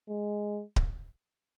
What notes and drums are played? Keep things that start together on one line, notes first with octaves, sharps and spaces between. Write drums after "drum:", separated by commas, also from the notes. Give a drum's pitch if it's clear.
G#3
drum: kick D1